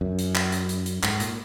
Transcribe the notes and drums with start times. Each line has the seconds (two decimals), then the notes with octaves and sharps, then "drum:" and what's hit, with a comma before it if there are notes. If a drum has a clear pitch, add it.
0.01 F#2
0.18 drum: hi-hat
0.35 drum: clap
0.52 drum: hi-hat
0.69 drum: hi-hat
0.86 drum: hi-hat
1.03 G#2, drum: clap
1.20 A#2, drum: hi-hat